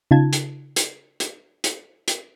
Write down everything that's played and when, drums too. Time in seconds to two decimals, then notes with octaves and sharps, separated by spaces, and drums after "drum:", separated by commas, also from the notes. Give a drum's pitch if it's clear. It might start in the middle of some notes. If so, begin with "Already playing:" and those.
0.11 C#3 D#4 F4 A5 G#6
0.33 drum: hi-hat
0.76 drum: hi-hat
1.20 drum: hi-hat
1.64 drum: hi-hat
2.08 drum: hi-hat